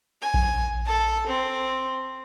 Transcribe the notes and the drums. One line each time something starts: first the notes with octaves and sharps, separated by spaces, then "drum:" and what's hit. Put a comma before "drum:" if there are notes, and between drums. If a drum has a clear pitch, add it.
G#5
drum: kick A#1
A4 A5
C4